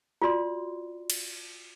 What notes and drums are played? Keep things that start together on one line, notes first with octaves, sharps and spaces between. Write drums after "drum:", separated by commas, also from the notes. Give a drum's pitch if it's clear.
F4 F#4 D5 C6
drum: cymbal